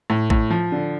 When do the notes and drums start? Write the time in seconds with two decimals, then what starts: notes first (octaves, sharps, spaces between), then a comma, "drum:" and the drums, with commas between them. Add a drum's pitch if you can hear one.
0.10 A2
0.30 A2, drum: kick A1
0.50 F3
0.72 D3